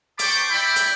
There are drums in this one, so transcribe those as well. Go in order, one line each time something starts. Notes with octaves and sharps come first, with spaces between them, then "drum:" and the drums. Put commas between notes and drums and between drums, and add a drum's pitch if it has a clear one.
C5 G5 A5 B5 C#6 D6, drum: hi-hat
E4 D5 G5 B5
drum: hi-hat